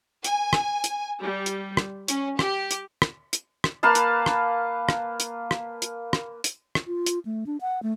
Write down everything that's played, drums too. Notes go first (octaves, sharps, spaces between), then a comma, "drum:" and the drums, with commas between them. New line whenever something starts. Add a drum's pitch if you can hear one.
G#5, drum: hi-hat
drum: rim click
drum: hi-hat
G3
drum: hi-hat
drum: rim click
C#4, drum: hi-hat
G4, drum: rim click
drum: hi-hat
drum: rim click
drum: hi-hat
drum: rim click
A#3 B4 F5 A5
drum: hi-hat
drum: rim click
drum: rim click
drum: hi-hat
drum: rim click
drum: hi-hat
drum: rim click
drum: hi-hat
drum: rim click
F4
drum: hi-hat
A3
D4
F#5
A3